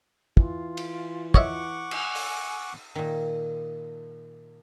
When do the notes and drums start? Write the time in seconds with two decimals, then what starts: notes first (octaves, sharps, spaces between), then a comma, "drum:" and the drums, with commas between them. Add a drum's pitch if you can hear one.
0.37 E3 F4, drum: kick
0.77 drum: cymbal
1.34 C#5 D#5 E5 F#5 C#6 D6, drum: kick
1.91 G#5, drum: cymbal
2.15 drum: open hi-hat
2.95 A#2 D#3